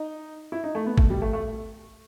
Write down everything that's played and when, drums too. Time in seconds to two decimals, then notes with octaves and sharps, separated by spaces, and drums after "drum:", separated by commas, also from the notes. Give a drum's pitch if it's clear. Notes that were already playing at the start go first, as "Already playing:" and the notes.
Already playing: D#4
0.52 E4
0.64 D#4
0.75 A3
0.86 B3
0.98 A3, drum: kick G#1
1.10 G3
1.22 A3
1.33 A3